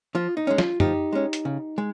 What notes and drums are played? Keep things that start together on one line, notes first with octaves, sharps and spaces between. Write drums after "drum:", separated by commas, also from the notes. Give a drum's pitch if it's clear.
F3 F4
D#4
G#3 C#4
F4, drum: snare
F3 D#4 G4, drum: tom F#2
G#3 C#4
drum: hi-hat
C#3
G#3